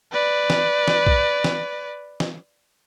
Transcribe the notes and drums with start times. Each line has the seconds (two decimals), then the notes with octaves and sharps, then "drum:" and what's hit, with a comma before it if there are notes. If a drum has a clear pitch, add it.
0.12 B4 D5
0.50 drum: snare
0.88 drum: snare
1.07 drum: kick B1
1.44 drum: snare
2.20 drum: snare